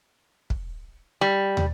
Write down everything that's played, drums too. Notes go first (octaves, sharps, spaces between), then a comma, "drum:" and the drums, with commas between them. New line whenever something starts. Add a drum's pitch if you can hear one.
drum: kick
G3
drum: tom